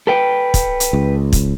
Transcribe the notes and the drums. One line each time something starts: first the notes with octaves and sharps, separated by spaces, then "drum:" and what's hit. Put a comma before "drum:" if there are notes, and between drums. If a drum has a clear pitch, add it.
A4 B4 G5
drum: kick, hi-hat
drum: hi-hat
C#2
drum: kick, hi-hat